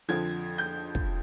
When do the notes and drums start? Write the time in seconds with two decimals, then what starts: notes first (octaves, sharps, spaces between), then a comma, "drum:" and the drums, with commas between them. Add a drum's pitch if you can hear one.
0.08 F2 D3 F3 G#6
0.58 G6
0.95 drum: kick